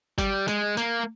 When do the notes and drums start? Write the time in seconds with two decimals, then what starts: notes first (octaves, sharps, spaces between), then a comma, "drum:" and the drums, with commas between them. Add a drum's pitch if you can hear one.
0.18 G3, drum: kick G1, hi-hat
0.48 G#3, drum: hi-hat
0.77 A#3, drum: hi-hat